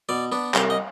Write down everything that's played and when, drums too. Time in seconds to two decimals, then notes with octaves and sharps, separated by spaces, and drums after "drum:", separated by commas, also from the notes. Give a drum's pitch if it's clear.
0.09 B2 D5
0.32 B3 D4
0.54 C2 C5, drum: clap
0.70 D#5